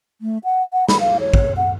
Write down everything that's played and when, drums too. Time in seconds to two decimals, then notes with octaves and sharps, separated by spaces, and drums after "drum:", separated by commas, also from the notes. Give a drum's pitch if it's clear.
0.21 A3
0.44 F#5
0.73 F#5
0.89 B5, drum: snare
1.00 F5
1.20 C#5
1.34 drum: kick
1.57 F#5